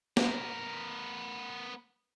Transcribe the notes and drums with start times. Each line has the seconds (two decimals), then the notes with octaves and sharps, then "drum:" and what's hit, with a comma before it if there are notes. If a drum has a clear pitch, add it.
0.17 B3 A#4, drum: snare